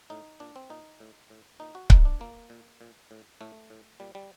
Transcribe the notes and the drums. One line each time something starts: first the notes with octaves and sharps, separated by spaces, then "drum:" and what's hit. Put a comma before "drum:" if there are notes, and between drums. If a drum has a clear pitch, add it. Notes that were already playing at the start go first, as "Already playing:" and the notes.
A2 D#4
A#2 D4
C4
A#2 D#4
A2
A2
A#2 D#4
F#4
A2 D#4, drum: kick C#1
D4
A#2 A#3
A#2
A#2
A2
A2 A3
A2
A#2 G3
G3